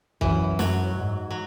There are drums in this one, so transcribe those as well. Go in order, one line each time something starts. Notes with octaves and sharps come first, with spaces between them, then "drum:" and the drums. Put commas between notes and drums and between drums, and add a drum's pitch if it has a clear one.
F#2 E3, drum: kick
F#2 F#3, drum: snare
G#2
F#3